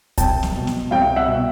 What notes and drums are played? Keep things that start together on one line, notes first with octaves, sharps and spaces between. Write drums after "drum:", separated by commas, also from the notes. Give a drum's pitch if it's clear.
C2 G5 A5, drum: kick, hi-hat
drum: snare
B2
drum: snare
C2 F5 G5
E5 F#5
B2